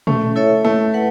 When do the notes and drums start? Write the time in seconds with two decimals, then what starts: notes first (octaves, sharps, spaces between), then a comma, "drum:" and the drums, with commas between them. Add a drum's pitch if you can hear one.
0.07 A3 C#4, drum: tom
0.36 E4 A4 C#5 E5
0.64 A3 E4
0.94 B4 F#5